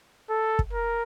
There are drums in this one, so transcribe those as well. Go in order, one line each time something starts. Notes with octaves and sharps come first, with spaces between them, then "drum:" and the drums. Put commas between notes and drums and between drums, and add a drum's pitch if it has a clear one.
A4
drum: kick
A#4